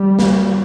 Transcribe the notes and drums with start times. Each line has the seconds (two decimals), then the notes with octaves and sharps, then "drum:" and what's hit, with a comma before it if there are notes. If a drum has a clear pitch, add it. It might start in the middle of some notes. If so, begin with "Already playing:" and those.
Already playing: G3
0.19 drum: snare